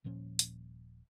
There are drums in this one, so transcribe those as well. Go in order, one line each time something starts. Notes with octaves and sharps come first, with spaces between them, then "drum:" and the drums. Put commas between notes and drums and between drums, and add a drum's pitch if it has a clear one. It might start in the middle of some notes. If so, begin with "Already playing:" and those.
D#1 A#2 F3 C#4
drum: hi-hat